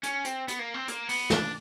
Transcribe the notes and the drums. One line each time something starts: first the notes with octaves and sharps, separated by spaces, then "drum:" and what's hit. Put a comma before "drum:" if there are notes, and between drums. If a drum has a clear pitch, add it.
C#4, drum: hi-hat
C4, drum: hi-hat
B3, drum: hi-hat
A#3
C4
A#3, drum: hi-hat
B3, drum: open hi-hat
D4, drum: snare